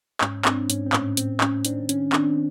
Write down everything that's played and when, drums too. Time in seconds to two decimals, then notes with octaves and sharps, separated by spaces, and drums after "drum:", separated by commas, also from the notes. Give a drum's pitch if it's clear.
0.21 G#2 C#4, drum: clap
0.45 G#2 C4 D4, drum: clap
0.70 G#2 C#4, drum: hi-hat
0.86 C4
0.93 A2 C#4, drum: clap
1.17 A2 C4, drum: hi-hat
1.41 A2 C#4, drum: clap
1.65 D#3 C4 D4, drum: hi-hat
1.89 D#3 C#4, drum: hi-hat
2.13 D#3 C4 D4, drum: clap